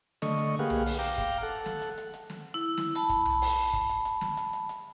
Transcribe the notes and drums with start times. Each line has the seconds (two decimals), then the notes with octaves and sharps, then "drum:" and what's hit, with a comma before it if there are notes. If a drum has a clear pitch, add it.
0.22 D3 A3 D#5 C#6, drum: snare
0.38 drum: hi-hat
0.59 A#3 G4 G#4 B4 F5 F#5
0.70 drum: tom B1
0.86 drum: open hi-hat
0.99 F5 G5 A#5 D6
1.18 drum: kick, hi-hat
1.43 A4 F#5
1.66 drum: snare
1.82 drum: hi-hat
1.98 drum: hi-hat
2.14 drum: hi-hat
2.30 drum: snare
2.54 E4
2.78 drum: snare
2.95 A5 B5, drum: hi-hat
3.09 drum: kick, hi-hat
3.25 drum: tom B1
3.41 drum: open hi-hat
3.73 drum: kick, hi-hat
3.89 drum: hi-hat
4.05 drum: hi-hat
4.21 drum: snare
4.37 drum: hi-hat
4.53 drum: hi-hat
4.69 drum: hi-hat